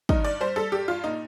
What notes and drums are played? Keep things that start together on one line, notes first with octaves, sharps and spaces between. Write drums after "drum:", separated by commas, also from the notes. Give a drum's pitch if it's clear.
G2 D#4, drum: kick
G2 D5
G3 C5
G3 A4
G2 G4
G2 F4
A#2 D#4